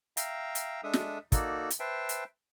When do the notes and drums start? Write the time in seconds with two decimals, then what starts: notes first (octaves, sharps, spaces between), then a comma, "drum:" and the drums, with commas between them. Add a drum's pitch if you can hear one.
0.17 E5 F5 G5 A#5, drum: hi-hat
0.55 drum: hi-hat
0.84 G#3 D4 A4 E5 D#6
0.93 drum: snare
1.32 A#3 D#4 F#4 A4 D5, drum: kick, hi-hat
1.70 drum: hi-hat
1.80 B4 C5 E5 G5 A5
2.09 drum: hi-hat